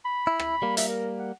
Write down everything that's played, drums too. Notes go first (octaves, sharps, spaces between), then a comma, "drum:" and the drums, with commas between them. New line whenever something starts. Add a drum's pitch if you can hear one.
B5
E4
drum: rim click
G3 A#3
E5, drum: hi-hat
A#4
F#5